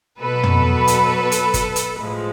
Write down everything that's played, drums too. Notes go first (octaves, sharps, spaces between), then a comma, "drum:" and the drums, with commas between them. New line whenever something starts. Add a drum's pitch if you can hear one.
B2 F#3 A4 B4
drum: tom
drum: hi-hat
drum: hi-hat
drum: kick G1, hi-hat
drum: hi-hat
A2 F3 G#3